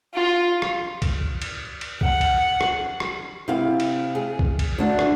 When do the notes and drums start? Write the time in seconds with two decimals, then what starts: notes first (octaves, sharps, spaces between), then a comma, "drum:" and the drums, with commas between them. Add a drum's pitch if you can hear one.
0.14 F4
0.62 drum: rim click
1.02 drum: kick C2, cymbal
1.42 drum: cymbal
1.81 drum: cymbal
2.01 F#5, drum: kick C2
2.21 drum: cymbal
2.61 drum: rim click
3.00 drum: rim click
3.48 C3 E4 F5
3.80 drum: cymbal
4.15 G#4
4.39 drum: kick C2
4.59 drum: cymbal
4.78 D2 D4
4.99 drum: rim click